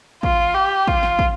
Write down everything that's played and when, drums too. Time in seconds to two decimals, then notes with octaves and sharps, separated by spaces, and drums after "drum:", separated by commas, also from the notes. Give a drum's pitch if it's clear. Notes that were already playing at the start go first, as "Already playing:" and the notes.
0.23 F4, drum: kick
0.54 G4
0.88 F4, drum: kick
1.03 drum: snare
1.19 drum: kick